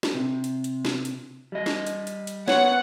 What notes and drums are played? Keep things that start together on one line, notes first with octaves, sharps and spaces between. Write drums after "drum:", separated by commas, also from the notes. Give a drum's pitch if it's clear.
drum: snare
C3
drum: hi-hat
drum: hi-hat
drum: snare
drum: hi-hat
G3 D#5
drum: snare
drum: hi-hat
drum: hi-hat
drum: hi-hat
B3 C5 C#5 F#5, drum: snare